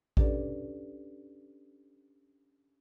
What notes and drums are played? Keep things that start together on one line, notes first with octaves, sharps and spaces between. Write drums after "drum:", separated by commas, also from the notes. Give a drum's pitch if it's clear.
C#4 D4 G4 A4 B4 D5, drum: kick A1